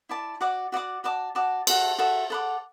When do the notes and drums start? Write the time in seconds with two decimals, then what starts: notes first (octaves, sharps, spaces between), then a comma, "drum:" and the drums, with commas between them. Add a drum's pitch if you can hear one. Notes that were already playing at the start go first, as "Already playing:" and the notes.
0.09 E4 D5 A5
0.41 F#4 D5 F#5 D6
0.72 F#4 D5 F#5 D6
1.04 F#4 D5 A5 D6
1.35 F#4 D5 A5 D6
1.67 F#4 A4 E5 A5, drum: cymbal
1.98 F#4 A4 E5 A5
2.30 A4 F#5 B5 D6